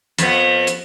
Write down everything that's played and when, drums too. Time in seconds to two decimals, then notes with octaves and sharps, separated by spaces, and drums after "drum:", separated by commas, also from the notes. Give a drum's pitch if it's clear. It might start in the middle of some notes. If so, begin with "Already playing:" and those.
0.18 F2 B3, drum: hi-hat
0.67 drum: hi-hat